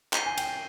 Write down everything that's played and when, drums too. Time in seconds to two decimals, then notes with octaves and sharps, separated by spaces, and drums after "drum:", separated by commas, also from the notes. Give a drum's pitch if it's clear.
0.13 G6 C7 D#7 G7, drum: clap
0.26 G#5
0.38 G5, drum: cymbal